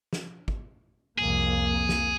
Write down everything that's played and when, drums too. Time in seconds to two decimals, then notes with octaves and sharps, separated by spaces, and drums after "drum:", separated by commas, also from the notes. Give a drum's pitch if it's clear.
0.13 drum: snare
0.48 drum: kick
1.18 C2 F2 A#3 G#4
1.89 drum: snare